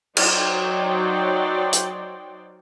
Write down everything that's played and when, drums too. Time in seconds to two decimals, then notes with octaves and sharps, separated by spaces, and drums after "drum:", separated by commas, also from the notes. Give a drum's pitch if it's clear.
0.17 F#3 D#4 C5 D5 G5, drum: cymbal
1.73 drum: hi-hat